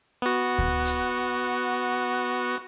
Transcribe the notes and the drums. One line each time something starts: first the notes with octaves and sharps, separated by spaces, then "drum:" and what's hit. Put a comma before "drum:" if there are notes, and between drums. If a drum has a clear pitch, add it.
B3 F#4
drum: kick D2
drum: hi-hat